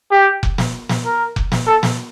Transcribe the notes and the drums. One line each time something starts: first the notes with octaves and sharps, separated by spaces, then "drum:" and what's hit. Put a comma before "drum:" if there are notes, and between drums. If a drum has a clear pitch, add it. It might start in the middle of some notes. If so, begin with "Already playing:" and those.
G4
drum: kick F1
drum: snare
drum: snare
A#4
drum: kick F1
drum: snare
A4
drum: snare